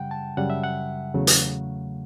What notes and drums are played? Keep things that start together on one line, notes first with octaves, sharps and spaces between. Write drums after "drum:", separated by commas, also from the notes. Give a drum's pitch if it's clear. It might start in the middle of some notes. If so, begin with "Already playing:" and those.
Already playing: F#2 C#3 G3 F#5 G5
A5
F#2 C#3 G3 F#5
E5
F#5
E2 C#3 F#3 A3
drum: hi-hat